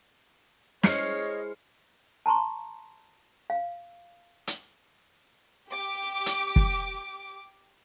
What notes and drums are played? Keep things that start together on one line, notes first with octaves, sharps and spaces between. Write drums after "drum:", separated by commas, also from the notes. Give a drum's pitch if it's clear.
G#3 E4 C5 C#5 D#5 F6 C7 C#7, drum: snare
A5 A#5 C6 C#6
F5
drum: hi-hat
G4 D6
drum: hi-hat
drum: kick